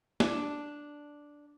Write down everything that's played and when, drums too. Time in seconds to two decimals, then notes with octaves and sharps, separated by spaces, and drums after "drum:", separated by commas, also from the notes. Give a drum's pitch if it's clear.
0.20 D4, drum: snare